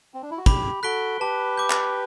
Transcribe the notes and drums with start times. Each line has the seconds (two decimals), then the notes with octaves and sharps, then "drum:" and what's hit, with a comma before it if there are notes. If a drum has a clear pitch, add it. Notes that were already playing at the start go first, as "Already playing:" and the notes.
0.14 C4
0.22 D4
0.31 E4
0.38 F#4
0.46 G4 B5, drum: kick
0.83 F#4 A4 F#6 B6 D7 G7
1.20 G4 B4 A5
1.57 D6 G6
1.70 drum: clap